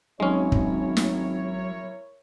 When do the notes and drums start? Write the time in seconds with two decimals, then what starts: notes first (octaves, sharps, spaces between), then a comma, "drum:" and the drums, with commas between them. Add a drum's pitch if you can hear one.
0.20 G#1 F#3 G#3 C#4 E4 A#4 C#5
0.52 drum: kick
0.97 drum: snare